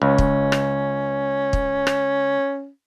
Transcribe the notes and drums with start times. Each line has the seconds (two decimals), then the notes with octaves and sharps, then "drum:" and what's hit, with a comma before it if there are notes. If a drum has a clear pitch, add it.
0.02 C#2 C#4
0.18 drum: kick
0.52 drum: rim click
1.53 drum: kick
1.87 drum: rim click